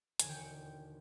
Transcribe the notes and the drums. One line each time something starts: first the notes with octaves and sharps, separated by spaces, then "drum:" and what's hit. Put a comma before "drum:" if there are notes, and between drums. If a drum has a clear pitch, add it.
E1 D#2 D3 G#5, drum: hi-hat
G5
F#5
G5